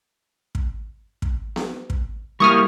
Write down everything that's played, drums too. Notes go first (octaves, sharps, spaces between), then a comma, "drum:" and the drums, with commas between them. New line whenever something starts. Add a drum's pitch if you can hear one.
drum: kick
drum: kick
drum: snare B3
drum: kick
G3 A#3 E4 C#6 D#6 F6